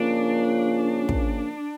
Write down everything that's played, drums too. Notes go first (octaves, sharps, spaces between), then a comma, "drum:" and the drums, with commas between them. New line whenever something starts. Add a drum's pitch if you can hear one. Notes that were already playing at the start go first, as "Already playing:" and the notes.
Already playing: C#3 F3 A#3 C#4 D4 F4
drum: kick